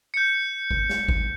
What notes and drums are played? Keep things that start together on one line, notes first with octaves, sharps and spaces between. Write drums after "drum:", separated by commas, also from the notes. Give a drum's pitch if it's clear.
G6 C#7
drum: kick G#1
drum: snare
drum: kick G#1